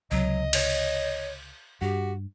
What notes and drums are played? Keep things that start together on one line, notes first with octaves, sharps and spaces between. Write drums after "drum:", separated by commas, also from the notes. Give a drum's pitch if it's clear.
C#2 C3 F#3 D#5
C#5, drum: cymbal
G2 F#4 G4